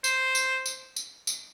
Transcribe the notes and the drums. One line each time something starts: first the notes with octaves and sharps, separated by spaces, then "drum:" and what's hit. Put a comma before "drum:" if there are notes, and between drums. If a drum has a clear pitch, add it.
C5, drum: tambourine
drum: tambourine
drum: tambourine
drum: tambourine
drum: tambourine